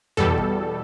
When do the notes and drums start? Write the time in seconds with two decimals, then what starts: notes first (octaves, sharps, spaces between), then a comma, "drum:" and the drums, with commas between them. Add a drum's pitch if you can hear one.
0.17 E2 B2 G3 A4, drum: tom F2
0.38 drum: kick